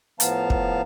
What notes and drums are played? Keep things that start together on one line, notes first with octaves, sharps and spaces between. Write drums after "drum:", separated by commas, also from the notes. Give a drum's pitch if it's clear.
A2 F3 B3 F5 A5 A#5, drum: hi-hat
drum: kick